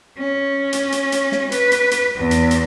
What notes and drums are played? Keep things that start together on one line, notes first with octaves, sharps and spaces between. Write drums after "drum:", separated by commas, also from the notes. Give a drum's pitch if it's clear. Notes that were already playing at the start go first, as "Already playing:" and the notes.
C#4
drum: hi-hat
drum: hi-hat
drum: hi-hat
drum: snare
B4, drum: hi-hat
drum: hi-hat
drum: hi-hat
E2
drum: hi-hat
drum: hi-hat